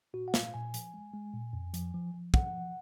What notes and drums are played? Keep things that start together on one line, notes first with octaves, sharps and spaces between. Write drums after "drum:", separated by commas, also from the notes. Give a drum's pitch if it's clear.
A#2 F#4
F#5
A#2 F5, drum: snare
A#2 G#5
F3, drum: hi-hat
G#3
G#3
A#2
F2
F3, drum: hi-hat
F3
F3
F3 F#5, drum: kick
F3